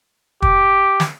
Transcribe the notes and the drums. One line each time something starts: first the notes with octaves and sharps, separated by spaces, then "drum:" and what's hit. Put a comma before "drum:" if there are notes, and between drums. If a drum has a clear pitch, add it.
G4, drum: kick
drum: snare